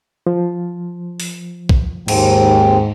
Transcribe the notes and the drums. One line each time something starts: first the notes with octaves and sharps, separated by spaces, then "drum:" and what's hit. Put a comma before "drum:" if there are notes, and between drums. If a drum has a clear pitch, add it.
F3
drum: open hi-hat
drum: kick
D#2 G#2 C4, drum: cymbal